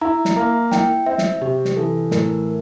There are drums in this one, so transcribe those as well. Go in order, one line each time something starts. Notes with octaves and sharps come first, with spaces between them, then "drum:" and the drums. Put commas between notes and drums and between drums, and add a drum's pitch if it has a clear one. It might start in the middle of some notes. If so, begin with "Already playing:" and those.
E4 A#5
drum: snare
A#3 A#5
E4 G5, drum: snare
C4 E5
drum: snare
C3 G4
drum: snare
E3 A4
A2 A#4, drum: snare